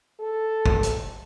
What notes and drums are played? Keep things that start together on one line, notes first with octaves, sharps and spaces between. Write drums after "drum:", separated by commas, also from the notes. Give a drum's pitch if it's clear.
A4
drum: kick
drum: hi-hat